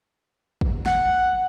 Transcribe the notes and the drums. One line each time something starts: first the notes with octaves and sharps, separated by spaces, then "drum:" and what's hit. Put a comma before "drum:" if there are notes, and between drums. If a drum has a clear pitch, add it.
drum: kick
F#5, drum: snare